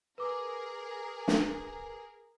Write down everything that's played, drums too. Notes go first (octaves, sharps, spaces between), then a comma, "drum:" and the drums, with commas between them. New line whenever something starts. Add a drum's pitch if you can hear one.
G#4 A#4 B4 D6
drum: snare